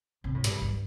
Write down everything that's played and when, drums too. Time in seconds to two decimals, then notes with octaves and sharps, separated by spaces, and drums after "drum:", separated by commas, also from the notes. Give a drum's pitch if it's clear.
0.24 C3
0.35 A2
0.44 G2, drum: hi-hat
0.62 G2